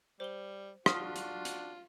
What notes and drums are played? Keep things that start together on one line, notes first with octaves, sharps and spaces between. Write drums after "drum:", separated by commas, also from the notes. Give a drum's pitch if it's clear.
G3 C5 G7
D4 F4 F#4 D#6 F6, drum: rim click
drum: hi-hat
drum: hi-hat